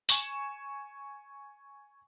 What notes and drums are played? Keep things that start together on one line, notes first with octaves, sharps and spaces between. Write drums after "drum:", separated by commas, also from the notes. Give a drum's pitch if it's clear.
G#5 C#6 E7, drum: open hi-hat